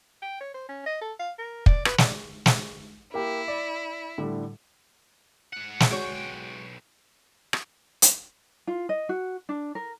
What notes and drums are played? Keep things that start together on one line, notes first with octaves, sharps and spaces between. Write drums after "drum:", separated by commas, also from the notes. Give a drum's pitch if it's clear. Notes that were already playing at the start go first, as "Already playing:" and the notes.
G5
C#5
C5
C#4
D#5
A4
F5
A#4
D5, drum: kick
B4, drum: rim click
D5, drum: snare
drum: snare
A#3 E4 G4
D5
A2 D3 G3
G#2 F#5
drum: snare
B1 G#3 F#4 C#5 G5
drum: rim click
drum: hi-hat
F4
D#5
F#4
D4
A#4